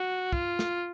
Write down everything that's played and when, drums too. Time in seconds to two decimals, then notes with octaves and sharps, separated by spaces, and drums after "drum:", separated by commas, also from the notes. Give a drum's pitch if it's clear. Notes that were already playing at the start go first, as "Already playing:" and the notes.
Already playing: F#4
0.33 F4, drum: kick
0.59 drum: snare